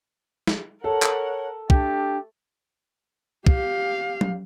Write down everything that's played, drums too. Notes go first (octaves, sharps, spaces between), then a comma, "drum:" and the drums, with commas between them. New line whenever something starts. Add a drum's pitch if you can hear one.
drum: snare
A4 A#4 C#5 F#5
drum: clap
A3 D4 G4, drum: kick
G4 F5, drum: kick
drum: tom F#3